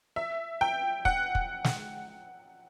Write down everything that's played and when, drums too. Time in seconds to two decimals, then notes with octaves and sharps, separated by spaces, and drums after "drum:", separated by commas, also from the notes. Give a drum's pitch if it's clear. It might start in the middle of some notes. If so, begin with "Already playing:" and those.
0.16 E5
0.61 G5
1.05 F#5, drum: kick
1.35 drum: kick
1.64 drum: snare